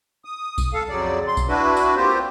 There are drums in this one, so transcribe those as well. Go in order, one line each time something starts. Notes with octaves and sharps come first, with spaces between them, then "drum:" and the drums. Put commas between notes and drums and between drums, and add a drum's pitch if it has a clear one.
D#6
drum: kick B1, tambourine
A4 F5
F2 C#3 F#3 D5
C6
drum: kick B1, tambourine
D4 E4 F#4 B4
drum: tambourine
A#3 C4 F4 G4 C5